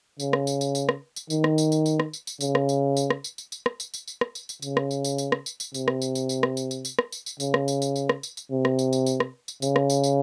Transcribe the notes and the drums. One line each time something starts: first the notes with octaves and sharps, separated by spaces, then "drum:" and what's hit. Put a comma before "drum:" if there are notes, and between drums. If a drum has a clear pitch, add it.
C#3, drum: tambourine
drum: rim click
drum: tambourine
drum: tambourine
drum: tambourine
drum: rim click
drum: tambourine
D#3, drum: tambourine
drum: rim click
drum: tambourine
drum: tambourine
drum: tambourine
drum: rim click
drum: tambourine
drum: tambourine
C#3, drum: tambourine
drum: rim click
drum: tambourine
drum: tambourine
drum: rim click
drum: tambourine
drum: tambourine
drum: tambourine
drum: rim click
drum: tambourine
drum: tambourine
drum: tambourine
drum: rim click
drum: tambourine
drum: tambourine
C#3, drum: tambourine
drum: rim click
drum: tambourine
drum: tambourine
drum: tambourine
drum: rim click
drum: tambourine
drum: tambourine
C3, drum: tambourine
drum: rim click
drum: tambourine
drum: tambourine
drum: tambourine
drum: rim click
drum: tambourine
drum: tambourine
drum: tambourine
drum: rim click
drum: tambourine
drum: tambourine
C#3, drum: tambourine
drum: rim click
drum: tambourine
drum: tambourine
drum: tambourine
drum: rim click
drum: tambourine
drum: tambourine
C3
drum: rim click
drum: tambourine
drum: tambourine
drum: tambourine
drum: rim click
drum: tambourine
C#3, drum: tambourine
drum: rim click
drum: tambourine
drum: tambourine